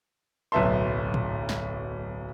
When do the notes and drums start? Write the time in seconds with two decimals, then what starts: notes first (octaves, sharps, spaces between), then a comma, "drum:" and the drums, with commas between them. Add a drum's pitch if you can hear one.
0.52 D1 B1 B3 E5 A5 C6
0.63 drum: tom
1.14 drum: tom
1.49 drum: snare